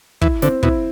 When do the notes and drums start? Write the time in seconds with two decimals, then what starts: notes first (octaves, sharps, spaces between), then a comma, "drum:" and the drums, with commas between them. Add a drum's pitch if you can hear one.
0.21 E3 E4, drum: kick
0.42 D3 C4, drum: snare
0.63 B2 E4, drum: kick